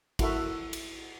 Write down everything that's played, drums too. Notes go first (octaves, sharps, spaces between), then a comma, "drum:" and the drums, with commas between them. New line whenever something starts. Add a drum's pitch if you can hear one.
E4 F#4 A4 A#4 E5, drum: kick, cymbal
drum: cymbal